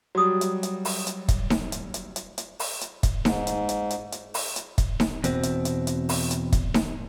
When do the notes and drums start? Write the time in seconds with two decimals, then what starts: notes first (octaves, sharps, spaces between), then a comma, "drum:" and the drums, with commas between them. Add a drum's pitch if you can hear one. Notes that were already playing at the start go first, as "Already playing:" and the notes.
0.15 F#3 G3 F#4 D#6
0.41 drum: hi-hat
0.63 drum: hi-hat
0.85 drum: open hi-hat
1.07 drum: hi-hat
1.28 drum: kick, hi-hat
1.50 drum: snare D#4
1.72 drum: hi-hat
1.94 drum: hi-hat
2.16 drum: hi-hat
2.38 drum: hi-hat
2.59 drum: open hi-hat
2.81 drum: hi-hat
3.03 drum: kick, hi-hat
3.25 G#2, drum: snare D#4
3.47 drum: hi-hat
3.69 drum: hi-hat
3.90 drum: hi-hat
4.12 drum: hi-hat
4.34 drum: open hi-hat
4.56 drum: hi-hat
4.78 drum: kick, hi-hat
5.00 drum: snare D#4
5.24 E2 B2 C4, drum: hi-hat
5.43 drum: hi-hat
5.65 drum: hi-hat
5.87 drum: hi-hat
6.09 drum: open hi-hat
6.31 drum: hi-hat
6.52 drum: kick, hi-hat
6.74 drum: snare D#4